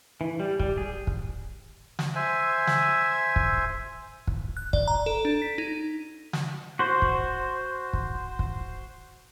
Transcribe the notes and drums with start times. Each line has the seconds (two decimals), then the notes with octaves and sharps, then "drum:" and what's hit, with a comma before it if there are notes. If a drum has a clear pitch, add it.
0.21 E3
0.40 G3
0.60 G3, drum: kick
0.78 G#4
1.07 drum: kick
1.99 drum: snare
2.15 C5 E5 G#5
2.67 drum: snare
3.36 drum: kick
4.27 drum: kick
4.57 F#6
4.73 D5, drum: kick
4.88 A#5
5.06 A4
5.25 D4
5.42 B6
5.58 D#4
6.33 drum: snare
6.79 F#4 C5
7.02 drum: kick
7.93 drum: kick
8.39 drum: kick